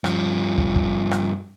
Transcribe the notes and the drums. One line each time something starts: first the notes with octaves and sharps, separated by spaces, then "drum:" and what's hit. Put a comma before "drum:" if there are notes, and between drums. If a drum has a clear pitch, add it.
G2 F3, drum: rim click
drum: kick
drum: kick
drum: rim click